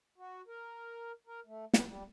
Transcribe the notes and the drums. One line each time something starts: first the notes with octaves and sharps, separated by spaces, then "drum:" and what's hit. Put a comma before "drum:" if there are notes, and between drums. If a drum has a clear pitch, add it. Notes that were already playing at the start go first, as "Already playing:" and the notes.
F#4
A#4
A#4
A3
B3, drum: snare
G3